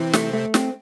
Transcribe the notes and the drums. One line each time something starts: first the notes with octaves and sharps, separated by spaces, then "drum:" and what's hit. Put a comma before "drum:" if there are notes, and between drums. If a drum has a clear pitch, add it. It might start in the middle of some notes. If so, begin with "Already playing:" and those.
Already playing: C3 E3 C4
A3, drum: snare
A3
C4, drum: snare